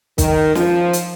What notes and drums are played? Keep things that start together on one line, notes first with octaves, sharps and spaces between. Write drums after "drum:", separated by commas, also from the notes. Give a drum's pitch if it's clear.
D#3, drum: kick, hi-hat
F3, drum: snare
drum: hi-hat